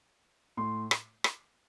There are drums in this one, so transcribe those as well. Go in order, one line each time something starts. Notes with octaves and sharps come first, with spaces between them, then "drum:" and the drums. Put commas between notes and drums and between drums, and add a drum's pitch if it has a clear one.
A2 C6
drum: rim click
drum: rim click